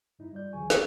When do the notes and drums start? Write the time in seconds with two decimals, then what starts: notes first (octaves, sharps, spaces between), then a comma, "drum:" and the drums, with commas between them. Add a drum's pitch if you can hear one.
0.19 G2 D#4 E4
0.33 G3 F4 D5 G6
0.53 D2 E3 F#3 G#4 G#5 C#6
0.70 C#6 G#6, drum: snare